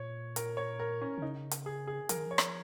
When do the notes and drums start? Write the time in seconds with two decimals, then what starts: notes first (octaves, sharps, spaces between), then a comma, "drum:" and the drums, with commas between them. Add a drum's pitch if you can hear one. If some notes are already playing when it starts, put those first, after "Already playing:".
Already playing: A#2 C#5
0.36 A#4, drum: hi-hat
0.57 C#5
0.80 A#4
1.01 C#4
1.17 D#3
1.22 C#3 D#4
1.51 drum: hi-hat
1.66 G#4
1.87 G#4
2.09 F3 A#4, drum: hi-hat
2.17 D#3
2.27 F3 C#5
2.38 drum: rim click